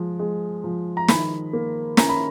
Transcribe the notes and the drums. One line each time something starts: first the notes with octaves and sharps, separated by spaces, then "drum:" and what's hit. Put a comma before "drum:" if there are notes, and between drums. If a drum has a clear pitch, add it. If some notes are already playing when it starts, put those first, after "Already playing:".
Already playing: F3 G#3
G#3
F3
A#5
D#3 B5, drum: snare
A#3
C#4 A#5, drum: snare
B5